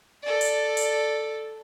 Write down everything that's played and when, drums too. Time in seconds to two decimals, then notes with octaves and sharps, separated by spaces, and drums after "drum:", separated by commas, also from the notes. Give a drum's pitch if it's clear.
0.23 A4 D5
0.41 drum: hi-hat
0.77 drum: hi-hat